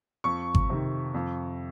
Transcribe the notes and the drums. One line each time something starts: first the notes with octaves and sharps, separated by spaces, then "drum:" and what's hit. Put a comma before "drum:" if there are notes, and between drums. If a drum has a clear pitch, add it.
F2 C#6
drum: kick G#1
C3 D#3
F2